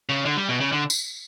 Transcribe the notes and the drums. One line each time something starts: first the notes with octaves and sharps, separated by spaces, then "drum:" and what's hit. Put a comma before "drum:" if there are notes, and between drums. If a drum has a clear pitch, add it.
C#3
D3
G3
B2
C#3
D3
drum: tambourine